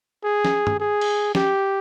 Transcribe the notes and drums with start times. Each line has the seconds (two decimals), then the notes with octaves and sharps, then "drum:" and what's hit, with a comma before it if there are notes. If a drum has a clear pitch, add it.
0.24 G#4
0.45 drum: snare
0.67 drum: tom G2
0.80 G#4
1.01 drum: cymbal
1.35 G4, drum: snare